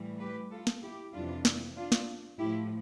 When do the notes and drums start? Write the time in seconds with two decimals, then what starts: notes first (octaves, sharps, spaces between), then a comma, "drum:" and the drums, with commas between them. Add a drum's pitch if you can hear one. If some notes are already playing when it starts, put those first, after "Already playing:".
Already playing: A2 E3 G3
0.21 G4 B4
0.52 F4 A4
0.67 drum: snare
0.82 E4 G4
1.13 F2 C3 E3 G3 D4 F4
1.45 drum: snare
1.76 D4 F4
1.92 drum: snare
2.38 A2 F3 E4 G4